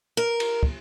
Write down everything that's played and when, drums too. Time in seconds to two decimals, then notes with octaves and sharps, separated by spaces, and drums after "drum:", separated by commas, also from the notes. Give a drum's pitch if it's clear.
0.17 A#4
0.40 drum: cymbal
0.63 drum: kick